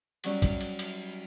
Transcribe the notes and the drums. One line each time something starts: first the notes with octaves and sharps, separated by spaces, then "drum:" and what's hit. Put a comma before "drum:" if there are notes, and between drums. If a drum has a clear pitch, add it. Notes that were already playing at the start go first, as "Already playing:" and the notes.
F#3 G3 C#4, drum: cymbal
drum: kick, cymbal
drum: cymbal
drum: cymbal